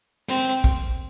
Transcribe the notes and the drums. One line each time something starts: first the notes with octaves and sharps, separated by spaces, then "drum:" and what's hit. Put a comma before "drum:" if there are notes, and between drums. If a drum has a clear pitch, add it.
C4, drum: snare
drum: kick